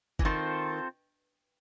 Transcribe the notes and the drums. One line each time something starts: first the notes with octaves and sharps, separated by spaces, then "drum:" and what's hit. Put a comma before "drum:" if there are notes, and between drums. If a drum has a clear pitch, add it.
E3, drum: kick
D#3 C4 F4 A4 C5